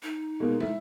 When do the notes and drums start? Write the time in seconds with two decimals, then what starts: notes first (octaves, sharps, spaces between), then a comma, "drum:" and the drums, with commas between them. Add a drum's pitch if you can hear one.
0.03 D#4
0.40 B2 G#3 A#3
0.60 E4, drum: tom